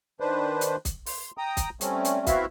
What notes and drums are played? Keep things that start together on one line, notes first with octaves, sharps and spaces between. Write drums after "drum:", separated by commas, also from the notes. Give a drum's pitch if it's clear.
D#3 D4 B4 C5
drum: hi-hat
drum: kick, hi-hat
C6, drum: open hi-hat
G5 A#5 D#6
drum: kick, hi-hat
G3 A3 C4 C#4, drum: hi-hat
drum: hi-hat
B3 C4 E4 F#4 E5 F5, drum: kick, hi-hat